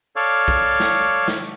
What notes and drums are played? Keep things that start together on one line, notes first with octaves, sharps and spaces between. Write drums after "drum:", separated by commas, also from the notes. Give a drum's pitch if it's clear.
A4 C#5 D5 F5
drum: kick
drum: snare
drum: snare